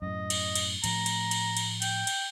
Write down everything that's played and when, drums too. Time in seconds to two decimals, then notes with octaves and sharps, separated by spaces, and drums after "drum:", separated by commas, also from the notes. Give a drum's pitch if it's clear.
0.02 F#2 A2 D#5
0.30 drum: cymbal
0.55 drum: cymbal
0.84 A2 F3 A3 A#5, drum: cymbal
1.06 drum: cymbal
1.31 drum: cymbal
1.57 drum: cymbal
1.82 G5, drum: cymbal
2.07 drum: cymbal